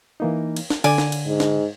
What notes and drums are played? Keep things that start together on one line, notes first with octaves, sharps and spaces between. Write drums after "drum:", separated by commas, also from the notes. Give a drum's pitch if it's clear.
E3 A#3 D#4
drum: cymbal
drum: snare
D3 D5 G#5, drum: cymbal
drum: snare
drum: cymbal
G#2
drum: snare